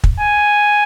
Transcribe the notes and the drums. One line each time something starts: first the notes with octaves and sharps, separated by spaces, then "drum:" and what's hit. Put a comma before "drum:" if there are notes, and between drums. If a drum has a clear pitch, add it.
drum: kick
G#5